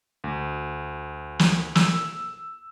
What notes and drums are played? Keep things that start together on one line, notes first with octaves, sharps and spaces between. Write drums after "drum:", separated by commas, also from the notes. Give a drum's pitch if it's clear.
D2
drum: snare
E6, drum: snare